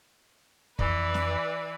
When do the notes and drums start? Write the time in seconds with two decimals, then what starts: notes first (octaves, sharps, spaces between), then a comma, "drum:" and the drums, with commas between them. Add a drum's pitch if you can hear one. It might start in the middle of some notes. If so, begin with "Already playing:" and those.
0.79 F2 E3 B4 D5, drum: kick
1.14 drum: snare